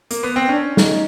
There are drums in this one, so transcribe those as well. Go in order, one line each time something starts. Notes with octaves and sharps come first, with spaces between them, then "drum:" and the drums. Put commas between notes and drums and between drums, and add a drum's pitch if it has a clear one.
A#3, drum: hi-hat
B3
C4
C#4 D4
D#4, drum: snare